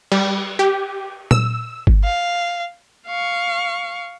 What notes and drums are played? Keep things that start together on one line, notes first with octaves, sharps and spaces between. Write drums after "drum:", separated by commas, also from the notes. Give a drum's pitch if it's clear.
G3, drum: cymbal
G4
E6, drum: tom A#2
drum: kick G1
F5
F5 C#6